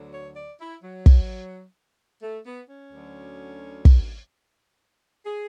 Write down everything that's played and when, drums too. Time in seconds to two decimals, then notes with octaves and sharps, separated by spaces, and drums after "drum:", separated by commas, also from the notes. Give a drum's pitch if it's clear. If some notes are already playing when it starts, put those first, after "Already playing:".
Already playing: D2 D3 F#3
0.12 C#5
0.35 D5
0.59 E4
0.82 F#3
1.06 drum: kick
2.22 A3
2.45 B3
2.68 C#4
2.92 D2 D3 F#3
3.85 drum: kick
5.25 G#4